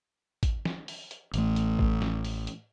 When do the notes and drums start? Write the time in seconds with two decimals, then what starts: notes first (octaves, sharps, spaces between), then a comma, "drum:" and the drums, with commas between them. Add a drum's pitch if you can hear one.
0.43 drum: kick, hi-hat
0.65 drum: snare
0.88 drum: open hi-hat
1.11 drum: hi-hat
1.34 A1 A3, drum: hi-hat
1.56 drum: hi-hat
1.79 drum: kick
2.02 drum: snare
2.24 drum: open hi-hat
2.47 drum: hi-hat